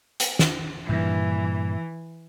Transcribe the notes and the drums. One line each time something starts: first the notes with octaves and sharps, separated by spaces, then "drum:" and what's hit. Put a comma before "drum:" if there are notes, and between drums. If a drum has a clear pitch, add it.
drum: hi-hat
drum: snare
G2 A#2 E3